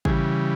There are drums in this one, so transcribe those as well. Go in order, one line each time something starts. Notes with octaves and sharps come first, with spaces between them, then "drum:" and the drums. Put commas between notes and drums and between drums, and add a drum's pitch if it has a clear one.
C#3 E3 G3 G#4, drum: kick G#1